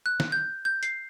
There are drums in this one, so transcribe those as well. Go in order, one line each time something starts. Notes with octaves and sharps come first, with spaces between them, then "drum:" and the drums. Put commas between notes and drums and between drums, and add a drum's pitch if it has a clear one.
F#6
drum: snare
G6
G6
C7, drum: hi-hat